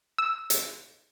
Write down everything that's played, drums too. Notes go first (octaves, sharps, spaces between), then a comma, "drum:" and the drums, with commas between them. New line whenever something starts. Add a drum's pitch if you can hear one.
E6
drum: hi-hat